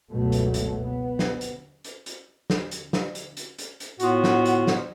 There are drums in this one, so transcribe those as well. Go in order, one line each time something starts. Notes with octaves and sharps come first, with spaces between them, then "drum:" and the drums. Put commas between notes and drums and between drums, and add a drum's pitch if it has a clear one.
F#1 C#2 B2 F#3 A3
drum: hi-hat
drum: hi-hat
B3
drum: snare
drum: hi-hat
drum: hi-hat
drum: hi-hat
drum: snare
drum: hi-hat
drum: snare
drum: hi-hat
drum: hi-hat
drum: hi-hat
drum: hi-hat
A2 B3 F4 F#4 F#5, drum: hi-hat
drum: snare
drum: hi-hat
drum: snare